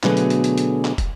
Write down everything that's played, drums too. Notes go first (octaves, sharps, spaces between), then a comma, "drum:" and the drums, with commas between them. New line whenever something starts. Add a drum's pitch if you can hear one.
B2 D3 F#3 A3 G#4, drum: clap
drum: hi-hat
drum: hi-hat
drum: hi-hat
drum: hi-hat
drum: clap
drum: kick, hi-hat